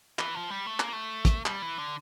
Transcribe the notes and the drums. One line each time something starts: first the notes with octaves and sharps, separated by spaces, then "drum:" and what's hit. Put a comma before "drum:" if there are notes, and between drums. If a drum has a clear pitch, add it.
E3, drum: clap
F3
G3
A3
A#3, drum: clap
A3
drum: kick, hi-hat
G3, drum: clap
E3
D3